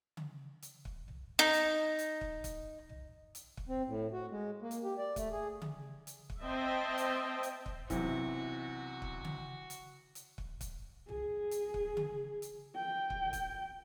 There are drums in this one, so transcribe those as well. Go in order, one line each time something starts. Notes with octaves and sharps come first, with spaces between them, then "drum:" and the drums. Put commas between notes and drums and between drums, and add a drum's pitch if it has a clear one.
drum: tom C#3
drum: hi-hat
drum: kick
drum: tom
D#4
drum: hi-hat
drum: hi-hat
drum: kick
drum: kick, hi-hat
drum: tom
drum: hi-hat
drum: kick
C4
A2
F#4
G#3
A#3
drum: hi-hat
G4
D5
A3, drum: kick, hi-hat
G#4
drum: tom C#3
drum: hi-hat
drum: kick
C4 C5 D#5 E5 G5 A5
drum: hi-hat
drum: hi-hat
drum: kick
B1 C3 E3 E4 F#4, drum: kick, hi-hat
drum: kick
drum: tom C#3
drum: hi-hat
drum: hi-hat
drum: kick
drum: kick, hi-hat
G#4, drum: tom
drum: hi-hat
drum: kick
drum: tom C#3
drum: hi-hat
G5
drum: kick
drum: kick, hi-hat